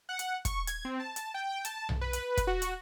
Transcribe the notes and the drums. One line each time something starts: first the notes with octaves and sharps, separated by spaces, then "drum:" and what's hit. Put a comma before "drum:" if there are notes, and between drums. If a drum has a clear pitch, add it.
F#5
drum: hi-hat
C#6, drum: kick, hi-hat
G#6, drum: hi-hat
C4
A5
drum: hi-hat
G5
G5
A5, drum: hi-hat
drum: tom B1
B4
drum: hi-hat
drum: kick, hi-hat
F#4
drum: hi-hat